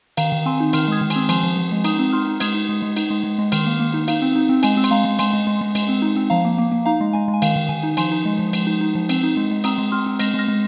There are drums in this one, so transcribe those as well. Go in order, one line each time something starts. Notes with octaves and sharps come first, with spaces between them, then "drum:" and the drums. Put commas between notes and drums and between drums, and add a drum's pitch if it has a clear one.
D#3 F5 A#5, drum: cymbal
D#3
C4 G#5 C6
D#4
D#3 C6 F6, drum: cymbal
G#3 D#6 G#6
D#3
G#5 C6, drum: cymbal
C4
F3 G#5 C6, drum: cymbal
F3
F3
G#3
D#4 A#5 D#6, drum: cymbal
C4
D#4 C6 F6
D#4
G#3 D#6 G#6, drum: cymbal
D#4
G#3
G#3
D#4, drum: cymbal
G#3
G#3
G#3
D#3 C6 F6, drum: cymbal
A#3
A#3
D#4
D#4 F5, drum: cymbal
C4
D#4
C4
G#3 G#5, drum: cymbal
C4
C6, drum: cymbal
G#3 F5 A#5
G#3
G#3 G#5 C6, drum: cymbal
G#3
G#3
G#3
G#3, drum: cymbal
C4
D#4
C4
F3 F5 A#5
A#3
A#3
A#3
D#4 F5 A#5
G#3
G#3 G#5
G#3
G#5
D#3 F5, drum: cymbal
D#3
D#3 G#5
D#4
F3 G#5 C6, drum: cymbal
D#4
G#3
F3
G#3, drum: cymbal
D#4
D#4
F3
C4, drum: cymbal
D#4
G#3
G#3
C4 A#5 D#6, drum: cymbal
G#3
C4 C6 F6
C4
G#3 F6 A#6, drum: cymbal
G#3 F6 A#6
G#3